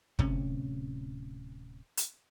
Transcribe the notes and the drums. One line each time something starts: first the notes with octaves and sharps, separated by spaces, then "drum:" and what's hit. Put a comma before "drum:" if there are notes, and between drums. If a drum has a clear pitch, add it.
D1 C3 C#4, drum: kick
drum: hi-hat